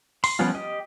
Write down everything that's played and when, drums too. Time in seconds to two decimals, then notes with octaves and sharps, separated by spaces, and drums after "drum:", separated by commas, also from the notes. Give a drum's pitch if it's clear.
0.24 C6, drum: open hi-hat
0.39 F3 G3 B3 C#4 F4
0.55 G4 D#5